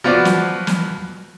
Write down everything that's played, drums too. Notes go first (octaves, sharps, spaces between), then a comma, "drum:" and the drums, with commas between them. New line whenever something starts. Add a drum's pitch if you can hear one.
F3 B3 F4 F#4 D5
drum: snare
drum: snare